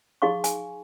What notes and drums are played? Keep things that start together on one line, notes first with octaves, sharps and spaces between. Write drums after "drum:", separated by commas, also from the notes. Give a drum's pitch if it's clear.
D#4 G#4 F5 C6 C#6
G#5, drum: hi-hat